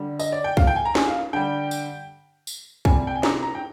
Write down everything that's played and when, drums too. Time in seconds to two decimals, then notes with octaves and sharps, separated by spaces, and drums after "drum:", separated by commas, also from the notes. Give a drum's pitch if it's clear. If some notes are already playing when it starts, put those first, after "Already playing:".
Already playing: D3 G3
0.19 D#5, drum: tambourine
0.32 D5
0.44 G5
0.57 F5, drum: kick
0.67 G5
0.76 G#5
0.85 A#5
0.95 G#5, drum: snare
1.08 F5
1.33 D3 G3 G5
1.71 drum: tambourine
2.47 drum: tambourine
2.85 C3 G3 G#5, drum: kick
3.07 G5
3.16 G#5
3.23 A#5, drum: snare
3.42 A#5
3.55 G5